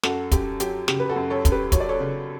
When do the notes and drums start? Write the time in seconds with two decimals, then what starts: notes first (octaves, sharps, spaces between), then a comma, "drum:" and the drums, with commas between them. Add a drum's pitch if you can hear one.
0.03 F#2 F#4 A4, drum: snare
0.32 F#2 G4, drum: kick, hi-hat
0.60 F#3 G4, drum: hi-hat
0.88 C#3 G4, drum: snare
1.00 B4
1.09 F#4 A4
1.16 F#2
1.30 A4 C#5
1.45 F#2, drum: kick, hi-hat
1.52 G4 B4
1.72 F#3 C#5, drum: kick, hi-hat
1.80 D5
1.89 A4 C#5
2.00 C#3